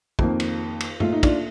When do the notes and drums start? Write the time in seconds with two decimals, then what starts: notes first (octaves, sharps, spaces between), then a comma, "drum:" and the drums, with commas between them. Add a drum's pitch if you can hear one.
0.19 F2 D#3 A#3, drum: kick
0.40 drum: cymbal
0.80 drum: cymbal
1.00 A#2 A3 F4, drum: tom
1.12 D#4
1.23 D4 F4, drum: kick, cymbal